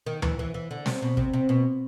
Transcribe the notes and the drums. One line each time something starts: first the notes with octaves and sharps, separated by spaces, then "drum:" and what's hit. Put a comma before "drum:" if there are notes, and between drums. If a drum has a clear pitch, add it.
D#3
E3, drum: tom D2
E3
E3
D3
C3, drum: snare
B2
C3, drum: kick
C3
B2